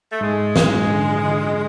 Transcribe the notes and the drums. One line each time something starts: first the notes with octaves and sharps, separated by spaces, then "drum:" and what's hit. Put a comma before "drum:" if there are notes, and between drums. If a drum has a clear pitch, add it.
A3
G#2 G#3
G#2, drum: snare
D3
D3